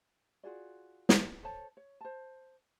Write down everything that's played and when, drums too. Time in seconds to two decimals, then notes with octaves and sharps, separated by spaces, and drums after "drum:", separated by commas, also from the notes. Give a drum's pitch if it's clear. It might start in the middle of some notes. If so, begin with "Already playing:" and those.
0.43 F4 F#4 G#4 D5
1.09 drum: snare
1.43 A4 C5 C#5 A5
1.77 C#5
2.01 C5 A5